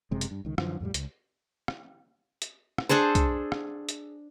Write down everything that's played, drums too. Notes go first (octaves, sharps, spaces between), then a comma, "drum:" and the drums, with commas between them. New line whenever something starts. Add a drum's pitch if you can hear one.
F#1 F#2 C3 G#3
drum: hi-hat
G2
C#2 D#3
F#2 D3 E3 F3, drum: rim click
F2 A2 F3 G3
C#2, drum: hi-hat
drum: rim click
drum: hi-hat
drum: rim click
D4 G#4 A4 C5
drum: kick, hi-hat
drum: rim click
drum: hi-hat